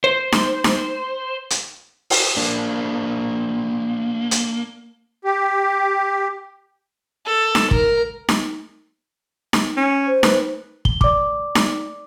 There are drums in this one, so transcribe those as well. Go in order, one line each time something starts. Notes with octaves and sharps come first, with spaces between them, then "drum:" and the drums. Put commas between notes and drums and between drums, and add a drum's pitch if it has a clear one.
C5
drum: snare D#4
drum: snare D#4
drum: hi-hat
drum: open hi-hat
A#3 D4
drum: hi-hat
G4
A4
drum: snare D#4
A#4, drum: kick
drum: snare D#4
drum: snare D#4
C#4
C5
B4, drum: snare D#4
G7, drum: kick
D5 D6, drum: kick
drum: snare D#4